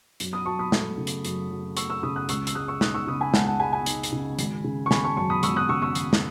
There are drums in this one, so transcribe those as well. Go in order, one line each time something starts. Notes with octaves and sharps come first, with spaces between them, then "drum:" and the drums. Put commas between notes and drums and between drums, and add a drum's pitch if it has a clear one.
F#2, drum: hi-hat
B5 D#6
F#3 A5 C#6
B5 D#6
A3, drum: snare
C#3
drum: hi-hat
F#2, drum: hi-hat
F#3
A3 C#6 E6, drum: hi-hat
C#6 E6
C#3 B5 D#6
D#6 F#6
C#2 C#6 E6, drum: hi-hat
E6, drum: hi-hat
G#3 D#6 F#6
C#6 E6
D#4 D#6 F#6, drum: snare
C#6 E6
C#3 B5 D#6
G#5 B5
C#2 F#5 A5, drum: snare
F#5 A5
G#3 G#5 B5
G#5 B5
D#4, drum: hi-hat
drum: hi-hat
C#3
G#1, drum: hi-hat
C#3
C#6
G#1 G#5 B5, drum: snare
A5 C#6
F#2 A5 C#6
B5 D#6
G#1 C#6 E6, drum: hi-hat
D#6 F#6
C#3 C#6 E6
C#6 E6
G#1, drum: hi-hat
drum: snare